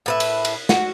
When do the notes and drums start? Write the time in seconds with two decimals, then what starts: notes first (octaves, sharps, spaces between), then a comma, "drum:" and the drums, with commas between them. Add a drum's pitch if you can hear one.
0.06 A2 B4 E5
0.20 drum: cymbal
0.45 drum: cymbal
0.69 F#4, drum: snare